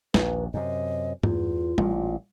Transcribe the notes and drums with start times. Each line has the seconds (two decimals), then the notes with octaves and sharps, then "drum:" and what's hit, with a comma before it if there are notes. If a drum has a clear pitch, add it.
0.14 A#1 D#2 B4, drum: snare
0.54 F#2 C3 D#5
1.23 E2 F4, drum: tom G2
1.78 A1 A#2, drum: tom G3